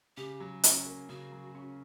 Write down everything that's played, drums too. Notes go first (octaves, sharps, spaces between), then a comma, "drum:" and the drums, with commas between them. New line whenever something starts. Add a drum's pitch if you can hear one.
C#3 G4
F#3
C#4, drum: hi-hat
A#3
C#3 F#4
F#3
C#4